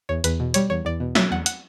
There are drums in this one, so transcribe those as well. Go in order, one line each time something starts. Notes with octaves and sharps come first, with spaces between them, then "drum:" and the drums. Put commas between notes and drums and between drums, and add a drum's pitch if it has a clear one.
E2 C#5
E2 B4, drum: hi-hat
B2
G3 C#5, drum: hi-hat
E2 C#5
E2 D5
B2
F#3 E5, drum: snare
E2 F#5
F#5, drum: hi-hat